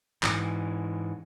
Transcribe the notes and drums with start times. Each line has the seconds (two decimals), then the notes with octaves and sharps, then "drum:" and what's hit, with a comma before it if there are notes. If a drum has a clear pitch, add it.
0.23 G#2 E3, drum: clap